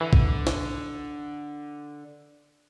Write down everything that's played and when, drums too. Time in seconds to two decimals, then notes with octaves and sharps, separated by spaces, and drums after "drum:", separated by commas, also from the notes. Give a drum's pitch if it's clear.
0.01 D3 E3
0.13 drum: kick A#1
0.47 drum: snare